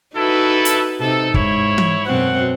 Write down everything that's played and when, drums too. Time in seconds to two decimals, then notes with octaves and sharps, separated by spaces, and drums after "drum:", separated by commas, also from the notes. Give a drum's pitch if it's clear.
0.16 D#4 E4 F#4 A4 B4
0.65 drum: hi-hat
1.00 C3 D#4 A4
1.34 G#2 E4 C#5, drum: kick
1.78 drum: tom E3
2.06 F#2 B2 C4 F#5